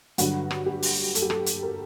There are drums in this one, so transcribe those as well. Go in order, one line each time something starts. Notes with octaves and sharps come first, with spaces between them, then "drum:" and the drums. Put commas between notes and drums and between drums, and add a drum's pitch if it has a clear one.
G2 D3 F#3 F#4, drum: hi-hat
drum: rim click
G4
drum: open hi-hat
A4, drum: hi-hat
G4
A4, drum: rim click
drum: hi-hat
A#4